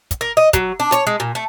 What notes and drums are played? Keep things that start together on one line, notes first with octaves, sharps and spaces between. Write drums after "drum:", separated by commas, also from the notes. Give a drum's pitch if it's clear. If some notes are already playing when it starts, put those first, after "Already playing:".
drum: kick, hi-hat
A#4
D#5
F#3, drum: kick, hi-hat
D4
C#5, drum: hi-hat
G#3
A#2
A3